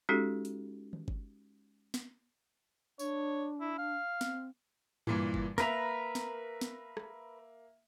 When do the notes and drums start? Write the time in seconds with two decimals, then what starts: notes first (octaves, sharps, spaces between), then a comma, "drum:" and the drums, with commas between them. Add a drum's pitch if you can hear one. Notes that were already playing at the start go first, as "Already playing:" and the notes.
0.09 G#3 C#4 D#4 F#4 G4 A4
0.45 drum: hi-hat
0.93 drum: tom
1.08 drum: kick G1
1.94 drum: snare
2.99 D4 C#5, drum: tambourine
3.60 E4
3.78 F5
4.21 C4, drum: snare
5.07 G2 A#2 E3, drum: tom G2
5.34 drum: kick G1
5.58 A#3 A#4 B4 E5 A#5, drum: snare
6.15 drum: snare
6.61 drum: snare
6.97 drum: rim click